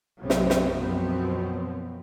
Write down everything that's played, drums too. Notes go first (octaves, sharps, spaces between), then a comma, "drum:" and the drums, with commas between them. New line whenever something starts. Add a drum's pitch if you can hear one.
B1 F#2 C3 F#3 B3 C#4
drum: snare
drum: snare
F#2 B2 F3 F#3 B3 C4